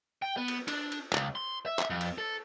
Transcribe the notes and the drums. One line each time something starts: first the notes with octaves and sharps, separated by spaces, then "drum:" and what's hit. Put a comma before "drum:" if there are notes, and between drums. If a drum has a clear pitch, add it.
G5
B3
drum: cymbal
D4, drum: cymbal
drum: cymbal
C#2, drum: clap
C6
E5
drum: clap
F2
drum: cymbal
A4